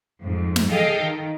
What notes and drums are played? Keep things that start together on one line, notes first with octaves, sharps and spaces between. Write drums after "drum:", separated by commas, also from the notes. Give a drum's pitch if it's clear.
F2 G#2
drum: snare
G#4 A4 D#5 F5 G5
D#3